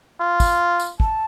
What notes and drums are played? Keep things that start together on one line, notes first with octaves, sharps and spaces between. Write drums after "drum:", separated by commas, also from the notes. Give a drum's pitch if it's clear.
F4
drum: kick, tambourine
drum: tambourine
A5, drum: kick